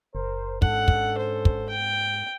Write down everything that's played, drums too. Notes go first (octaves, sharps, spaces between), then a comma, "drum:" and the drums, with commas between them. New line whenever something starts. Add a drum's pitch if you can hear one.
F#1 A#4 C5
G#2 C#4 D4 A4 F#5, drum: kick
drum: kick
C5
drum: kick
G5